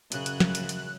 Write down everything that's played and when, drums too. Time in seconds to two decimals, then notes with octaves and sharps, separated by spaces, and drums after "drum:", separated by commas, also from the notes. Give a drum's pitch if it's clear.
0.12 F#2 C#3 F#6, drum: hi-hat
0.26 drum: hi-hat
0.40 drum: snare
0.55 drum: hi-hat
0.69 drum: hi-hat